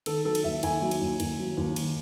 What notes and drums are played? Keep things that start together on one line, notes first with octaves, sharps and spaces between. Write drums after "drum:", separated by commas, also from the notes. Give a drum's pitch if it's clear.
D#3 A4, drum: cymbal
F#3 A4
drum: cymbal
D#2 E5
D#2 G#5, drum: cymbal
F#3
drum: cymbal
D#2
D#2, drum: cymbal
F#3
D#2
D#3, drum: cymbal